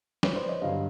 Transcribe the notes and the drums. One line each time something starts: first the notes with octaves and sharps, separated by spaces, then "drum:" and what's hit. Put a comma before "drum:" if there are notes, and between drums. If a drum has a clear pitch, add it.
B4 C#5, drum: snare
C5 D5
C#5 D#5
G2 D3 F#3 D#5 F5